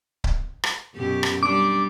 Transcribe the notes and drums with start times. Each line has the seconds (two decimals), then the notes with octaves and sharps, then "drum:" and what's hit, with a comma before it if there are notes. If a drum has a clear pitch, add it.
0.24 drum: kick C#1
0.63 drum: rim click
0.95 F#2 B2 G4
1.23 drum: rim click
1.43 G3 D4 D6